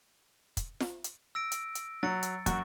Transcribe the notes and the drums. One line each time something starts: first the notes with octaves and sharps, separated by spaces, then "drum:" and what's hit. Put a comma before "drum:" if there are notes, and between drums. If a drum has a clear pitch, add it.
drum: kick, hi-hat
drum: snare F4
drum: hi-hat
E6 A#6 D7
drum: hi-hat
drum: hi-hat
F#3 A6 C#7
drum: hi-hat
F#2 F#4 C#6, drum: kick, hi-hat